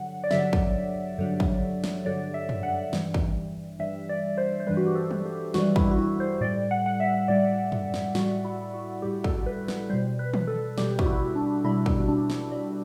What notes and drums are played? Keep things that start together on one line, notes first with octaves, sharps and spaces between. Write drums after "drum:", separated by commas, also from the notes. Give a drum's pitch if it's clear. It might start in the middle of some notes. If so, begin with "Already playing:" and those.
Already playing: G2 D3 F#3 F#5
D5
G2 D3 F#3 E5, drum: snare
drum: kick
G2 D3 F#3
drum: kick
drum: snare
G2 D3 F#3 D5
E5
drum: tom
F#5
G2 E3 G3, drum: snare
drum: kick
G2 E3 G3 E5
D5
C5
C5
G2 E3 G3 B4
F#4
G4
A4
drum: tom
G4
G2 E3 G3 F#4, drum: snare
E4, drum: kick
F#4
E4
C5
A2 G3 D5
F#5
F#5
E5
A2 G3 D5
drum: tom
drum: snare
A2 G3 F#4, drum: snare
E4
F#4
A2 G3 G4
A4, drum: kick
B4
B4, drum: snare
B2 G3 C5
B4
drum: tom
A4
B2 G3 G4, drum: snare
F#4, drum: kick
E4
D4
B2 G3 E4
drum: kick
D4
drum: snare
B2 G3